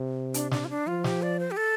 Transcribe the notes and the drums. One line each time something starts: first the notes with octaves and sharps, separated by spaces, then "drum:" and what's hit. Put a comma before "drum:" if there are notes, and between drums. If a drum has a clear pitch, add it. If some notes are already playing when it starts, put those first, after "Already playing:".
Already playing: C3
D4, drum: hi-hat
D4, drum: snare
F4
D4
F3 F4
G4, drum: snare
D5
C5
G4
A4